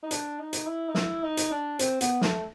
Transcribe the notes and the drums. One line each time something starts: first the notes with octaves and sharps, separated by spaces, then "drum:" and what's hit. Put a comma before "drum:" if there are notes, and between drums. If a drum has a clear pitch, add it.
D#4
D4, drum: hi-hat
D#4
drum: hi-hat
E4
D#4
E4, drum: snare
D#4
drum: hi-hat
D4
C4, drum: hi-hat
B3, drum: hi-hat
A3, drum: snare